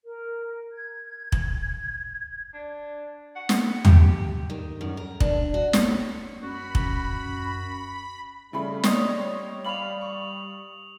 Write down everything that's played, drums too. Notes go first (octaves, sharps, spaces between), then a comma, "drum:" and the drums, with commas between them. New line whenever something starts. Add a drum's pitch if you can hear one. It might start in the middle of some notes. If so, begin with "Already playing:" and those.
A#4
G#6
drum: kick
D4
F#5
drum: snare
G4, drum: tom
D#3
F#2
A#4
D4, drum: kick
F#4
C#5, drum: snare
F#2 F#4 B5
drum: kick
C#3 G3 A3 B5
C#5 D#5 C6 D#6, drum: snare
D5 F5 B5 F7 F#7
C#6